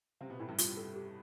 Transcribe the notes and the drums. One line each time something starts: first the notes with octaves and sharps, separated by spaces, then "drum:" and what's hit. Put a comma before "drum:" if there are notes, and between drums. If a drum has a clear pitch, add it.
C3 C4 F5
B2 B3
A2 A3 E4
G2 G3
F4, drum: hi-hat
A4
G4